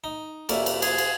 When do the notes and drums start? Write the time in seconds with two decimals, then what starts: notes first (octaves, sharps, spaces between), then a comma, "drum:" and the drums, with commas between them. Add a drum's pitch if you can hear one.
0.04 D#4
0.49 F2 C3 A#3 C#4 D5 E5, drum: cymbal
0.66 drum: cymbal
0.82 G#4, drum: cymbal
0.98 drum: cymbal